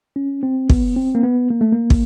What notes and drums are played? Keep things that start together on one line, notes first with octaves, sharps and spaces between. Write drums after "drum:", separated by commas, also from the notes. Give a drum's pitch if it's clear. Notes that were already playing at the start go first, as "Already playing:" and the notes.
C#4
C4
B3, drum: kick
C4
A#3
B3
A#3
A3
A#3
drum: kick